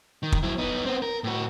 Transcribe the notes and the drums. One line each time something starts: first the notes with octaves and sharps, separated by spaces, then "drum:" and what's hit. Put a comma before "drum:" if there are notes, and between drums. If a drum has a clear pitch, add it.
D#3
drum: kick
F#3 E4
B3 D#4
B3 C4
A#4
A2 F#4